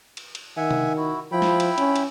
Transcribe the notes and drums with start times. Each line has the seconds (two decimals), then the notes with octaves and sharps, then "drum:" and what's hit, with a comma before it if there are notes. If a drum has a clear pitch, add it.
0.17 drum: cymbal
0.35 drum: cymbal
0.57 D#3 E5 F#5 G#5
0.71 drum: tom C3
0.97 E4 F#4
1.32 F3 E4 G5 B5
1.42 drum: snare
1.60 drum: cymbal
1.78 C#4, drum: cymbal
1.96 drum: cymbal